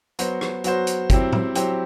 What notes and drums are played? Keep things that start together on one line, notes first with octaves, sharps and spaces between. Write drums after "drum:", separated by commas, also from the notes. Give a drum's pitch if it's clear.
F#3 B3 F#4 C5, drum: hi-hat
drum: rim click
F#3 B3 F#4 C5, drum: hi-hat
drum: hi-hat
F#3 C4 E4 G4 C5, drum: kick, hi-hat
drum: tom A2
F#3 C4 E4 G4 C5, drum: hi-hat